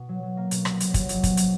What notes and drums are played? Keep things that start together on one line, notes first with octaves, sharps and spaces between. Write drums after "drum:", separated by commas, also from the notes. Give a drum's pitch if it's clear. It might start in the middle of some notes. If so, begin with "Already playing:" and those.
Already playing: B2
F#3
F#3
A#3
B2, drum: hi-hat
C2, drum: rim click
F#3, drum: hi-hat
F#3, drum: kick, hi-hat
A#1, drum: hi-hat
B3, drum: kick, hi-hat
F#3, drum: hi-hat